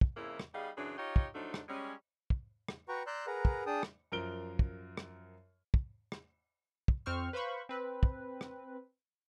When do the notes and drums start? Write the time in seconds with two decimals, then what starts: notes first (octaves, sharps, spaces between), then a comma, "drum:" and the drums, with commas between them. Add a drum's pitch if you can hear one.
0.01 drum: kick
0.17 F2 C#3 A#3 E4
0.40 drum: rim click
0.54 G3 B3 D#4 G#4 F5
0.77 F#2 C#3 E3 D4 G#4
0.98 D#4 F4 G4 C#5
1.16 drum: kick
1.35 F3 F#3 A3 D4 D#4
1.54 drum: rim click
1.68 G3 G#3 C#4
2.30 drum: kick
2.68 drum: rim click
2.89 F#4 B4 F#5 G5 A#5 C#6
3.07 D5 A#5 C6 E6 F#6 G6
3.27 G#4 A#4 B4 F#5 A#5
3.45 drum: kick
3.66 D4 G#4 G5 A5 D#6
3.83 drum: rim click
4.12 F#2 F3 A#4 F6 D7 G7
4.59 drum: kick
4.97 drum: rim click
5.74 drum: kick
6.12 drum: rim click
6.88 drum: kick
7.06 F2 C4 C5 C#6 F6
7.33 B4 C5 F5 B5 C#6
7.69 C4 B4
8.03 drum: kick
8.41 drum: rim click